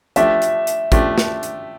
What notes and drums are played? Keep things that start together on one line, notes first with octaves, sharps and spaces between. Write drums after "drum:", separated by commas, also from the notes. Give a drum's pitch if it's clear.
F3 A3 D4 G4 E5, drum: hi-hat
drum: hi-hat
drum: hi-hat
F3 A3 D4 G4, drum: kick, hi-hat
drum: snare
drum: hi-hat